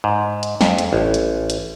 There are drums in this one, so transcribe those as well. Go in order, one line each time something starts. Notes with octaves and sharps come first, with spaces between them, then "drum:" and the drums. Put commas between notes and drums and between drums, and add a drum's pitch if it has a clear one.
G#2
drum: hi-hat
F2, drum: snare
drum: hi-hat
A1
drum: hi-hat
drum: hi-hat